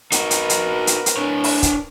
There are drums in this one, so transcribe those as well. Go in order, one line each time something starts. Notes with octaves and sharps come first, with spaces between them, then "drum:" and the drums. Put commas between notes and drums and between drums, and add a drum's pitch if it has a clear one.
D#4 F#4 A#4 B4, drum: hi-hat
drum: hi-hat
drum: hi-hat
drum: hi-hat
drum: hi-hat
D4 C#5
drum: open hi-hat
drum: kick, hi-hat